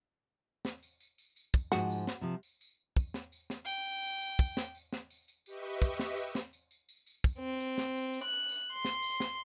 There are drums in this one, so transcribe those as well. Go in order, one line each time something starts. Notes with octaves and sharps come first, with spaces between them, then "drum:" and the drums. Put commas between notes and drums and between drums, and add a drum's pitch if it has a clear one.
drum: snare
drum: tambourine
drum: tambourine
drum: tambourine
drum: tambourine
drum: kick, tambourine
G#2 F3 F#4 G#4, drum: snare
drum: tambourine
drum: snare
C3 F3
drum: tambourine
drum: tambourine
drum: kick, tambourine
drum: snare
drum: tambourine
drum: snare
G5, drum: tambourine
drum: tambourine
drum: tambourine
drum: tambourine
drum: kick, tambourine
drum: snare
drum: tambourine
drum: snare
drum: tambourine
drum: tambourine
G4 B4 D#5 E5 C#6, drum: tambourine
drum: kick, tambourine
drum: snare
drum: tambourine
drum: snare
drum: tambourine
drum: tambourine
drum: tambourine
drum: tambourine
drum: kick, tambourine
C4
drum: tambourine
drum: snare
drum: tambourine
drum: tambourine
F#6
drum: tambourine
C6
drum: snare
drum: tambourine
drum: snare